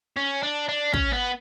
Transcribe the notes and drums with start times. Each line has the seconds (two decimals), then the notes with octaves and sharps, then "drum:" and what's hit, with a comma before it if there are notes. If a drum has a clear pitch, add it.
0.17 C#4
0.43 D4
0.69 D4
0.94 C#4, drum: kick
1.13 B3